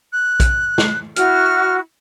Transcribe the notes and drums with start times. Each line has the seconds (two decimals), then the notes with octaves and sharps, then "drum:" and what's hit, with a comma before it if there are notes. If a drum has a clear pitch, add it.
0.13 F#6
0.40 drum: kick A#1, hi-hat
0.78 drum: snare
1.16 E4 F#4 F6, drum: hi-hat